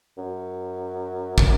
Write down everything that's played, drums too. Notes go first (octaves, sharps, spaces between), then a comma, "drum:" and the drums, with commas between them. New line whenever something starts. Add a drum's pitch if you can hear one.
F#2
drum: kick